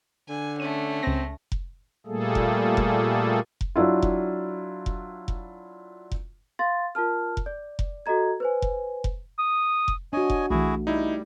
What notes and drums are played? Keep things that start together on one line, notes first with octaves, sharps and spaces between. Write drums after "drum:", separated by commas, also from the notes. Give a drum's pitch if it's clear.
D3 G#5
A3 C#4 D#7
C#2 C4 A#6
drum: kick F1
A#2 G3 A3 A#3 G#4 A4
drum: kick F1
drum: kick F1
drum: kick F1
F#3 D4 E4 F4
drum: kick F1
drum: kick F1
drum: kick F1
drum: kick F1
F5 C6 A6
F4 A#4 A5 F6
drum: kick F1
D5
drum: kick F1
F#4 A4 D#5 A#5 G#6
B4 C5 G#5
drum: kick F1
drum: kick F1
D#6
drum: kick F1
D4 F#4 C#5 D#5 G#5
drum: kick F1
B1 E3 A3 E4 F#4 G#4
G3 D#4 E4